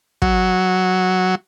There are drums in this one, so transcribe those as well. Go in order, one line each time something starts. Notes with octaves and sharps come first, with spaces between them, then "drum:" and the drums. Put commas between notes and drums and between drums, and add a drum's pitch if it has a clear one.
F#3, drum: kick